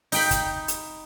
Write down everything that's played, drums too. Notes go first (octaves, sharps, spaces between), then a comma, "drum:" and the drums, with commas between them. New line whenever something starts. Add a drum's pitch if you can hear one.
D#4 G5 B5, drum: open hi-hat
drum: kick, hi-hat
drum: hi-hat